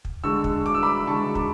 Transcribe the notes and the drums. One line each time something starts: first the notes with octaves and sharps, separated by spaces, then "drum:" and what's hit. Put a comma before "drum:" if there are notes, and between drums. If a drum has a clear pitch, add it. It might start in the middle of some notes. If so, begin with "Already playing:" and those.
drum: kick
D3 G#3 C#6 E6
drum: kick
D6
E6
B5 D6
D3 G#3 A5 C#6
B5 D6, drum: kick